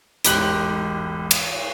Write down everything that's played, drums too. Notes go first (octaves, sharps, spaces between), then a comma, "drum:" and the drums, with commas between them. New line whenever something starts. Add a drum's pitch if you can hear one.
E1 A1 G#2 G4 F#6 F#7, drum: hi-hat
drum: cymbal